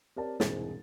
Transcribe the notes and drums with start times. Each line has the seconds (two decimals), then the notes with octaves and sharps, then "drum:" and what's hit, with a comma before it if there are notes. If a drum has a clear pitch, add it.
0.16 C4 G4 A#4 C#5 D5 A5
0.40 E1 C2 G#2 G#3 C4 A6, drum: snare